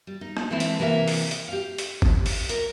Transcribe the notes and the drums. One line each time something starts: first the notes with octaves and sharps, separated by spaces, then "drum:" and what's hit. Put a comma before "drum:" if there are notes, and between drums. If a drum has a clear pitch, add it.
G3
D#4
drum: rim click
E3 G#3 A3 C4 E4
drum: hi-hat
C3 E3 A#3 B4 E5 F5
drum: open hi-hat
drum: hi-hat
G4 F5
drum: hi-hat
drum: kick
drum: open hi-hat
A#4, drum: hi-hat